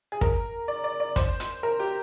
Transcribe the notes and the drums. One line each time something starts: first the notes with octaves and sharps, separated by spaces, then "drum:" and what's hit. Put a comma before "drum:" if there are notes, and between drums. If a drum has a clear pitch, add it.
G#4
A#4, drum: kick
D5
D5
D5
C5, drum: kick, hi-hat
drum: hi-hat
A#4
G4